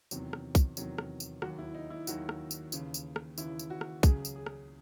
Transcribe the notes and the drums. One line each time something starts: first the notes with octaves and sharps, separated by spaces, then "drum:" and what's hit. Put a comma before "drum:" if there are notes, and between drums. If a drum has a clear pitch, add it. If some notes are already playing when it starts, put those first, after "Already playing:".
E2 C3 D#3 F#3, drum: tambourine
drum: rim click
drum: kick, tambourine
E2 C3 D#3 F#3, drum: tambourine
drum: rim click
drum: tambourine
D#2 D#3 F#3 F#4, drum: rim click
E4
D#4
E4
D#2 D#3 F#3 F#4, drum: tambourine
drum: rim click
drum: tambourine
D#2 C#3 E3, drum: tambourine
drum: tambourine
drum: rim click
D#2 C#3 E3 E4, drum: tambourine
drum: tambourine
F#4
drum: rim click
C#2 C#3 F#3 G#4, drum: kick, tambourine
drum: tambourine
G#4
drum: rim click